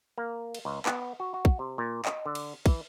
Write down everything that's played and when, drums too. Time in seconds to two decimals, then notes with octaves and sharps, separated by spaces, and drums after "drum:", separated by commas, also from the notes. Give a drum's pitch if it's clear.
0.18 A#3
0.55 drum: cymbal
0.65 C#2
0.86 B3, drum: clap
1.20 F#4
1.34 F#4
1.45 drum: kick
1.59 C3
1.78 A#2
2.05 D#5, drum: clap
2.26 D3
2.35 drum: cymbal
2.66 E3, drum: kick, cymbal